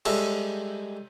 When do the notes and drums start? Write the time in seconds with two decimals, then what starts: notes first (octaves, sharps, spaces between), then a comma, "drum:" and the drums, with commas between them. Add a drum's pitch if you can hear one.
0.05 G3 G#3 A4 E5, drum: cymbal